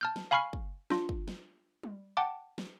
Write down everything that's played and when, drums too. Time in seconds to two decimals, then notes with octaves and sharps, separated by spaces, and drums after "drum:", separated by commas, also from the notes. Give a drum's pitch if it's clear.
0.01 A5 F6 G6
0.16 drum: snare
0.31 F5 G#5 B5 C#6 F6 C7
0.53 drum: kick
0.90 D4 F4, drum: snare
1.09 drum: kick
1.28 drum: snare
1.83 drum: tom G3
2.17 F#5 G5 A5 D6
2.58 drum: snare